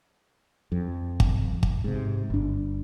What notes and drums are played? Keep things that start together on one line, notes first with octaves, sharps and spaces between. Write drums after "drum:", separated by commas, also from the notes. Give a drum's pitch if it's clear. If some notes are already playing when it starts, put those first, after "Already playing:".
F2
drum: kick
drum: kick
G#2 C3
G1 D4